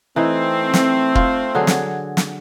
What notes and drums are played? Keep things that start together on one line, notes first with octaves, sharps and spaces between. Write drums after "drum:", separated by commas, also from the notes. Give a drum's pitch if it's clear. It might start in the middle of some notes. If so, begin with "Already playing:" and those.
E3 A3 C4 D#4
drum: snare
F4, drum: kick
D3 F#3 G#4
drum: snare
drum: snare